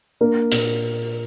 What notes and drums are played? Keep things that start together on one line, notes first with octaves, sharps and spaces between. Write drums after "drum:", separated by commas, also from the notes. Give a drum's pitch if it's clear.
A#3 D4 A#4
A#2, drum: hi-hat